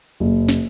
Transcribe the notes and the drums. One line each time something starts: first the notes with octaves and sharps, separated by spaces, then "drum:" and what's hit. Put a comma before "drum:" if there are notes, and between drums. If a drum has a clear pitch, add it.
F#1
drum: snare